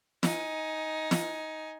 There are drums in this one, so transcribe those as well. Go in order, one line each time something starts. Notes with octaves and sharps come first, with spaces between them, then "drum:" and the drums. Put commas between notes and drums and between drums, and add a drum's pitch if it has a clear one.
D#4 G#5, drum: snare
drum: snare